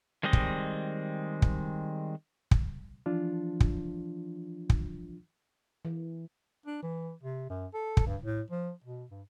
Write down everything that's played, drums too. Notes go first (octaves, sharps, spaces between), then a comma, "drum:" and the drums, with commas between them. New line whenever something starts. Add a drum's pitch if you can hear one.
D#3 G3 G#3 C4 D#5
drum: kick
drum: kick
drum: kick
E3 F3 D4 F4
drum: kick
drum: kick
E3
D4
E3
C3
F#2
A4
drum: kick
G2
A2
F3
B2
G2